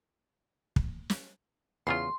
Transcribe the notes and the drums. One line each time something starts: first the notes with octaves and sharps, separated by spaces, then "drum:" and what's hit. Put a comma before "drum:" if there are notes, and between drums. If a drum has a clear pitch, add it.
drum: kick
drum: snare
E2 C#3 F4 C6